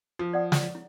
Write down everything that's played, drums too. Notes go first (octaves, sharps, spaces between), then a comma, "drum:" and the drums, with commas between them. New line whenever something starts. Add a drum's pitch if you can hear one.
F3
D5 F#5 D#6
G#4 C#5, drum: snare
E4